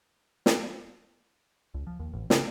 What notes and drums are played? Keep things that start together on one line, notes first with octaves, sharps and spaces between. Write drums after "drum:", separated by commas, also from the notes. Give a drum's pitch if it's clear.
drum: snare
C#2
F3
D#2
A1
C#3, drum: snare